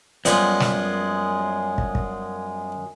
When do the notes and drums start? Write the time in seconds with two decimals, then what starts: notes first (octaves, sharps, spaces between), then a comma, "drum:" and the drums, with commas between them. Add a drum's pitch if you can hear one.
0.25 F#2 F3 G3 G#3 B3, drum: hi-hat
0.60 drum: snare
1.78 drum: kick
1.95 drum: kick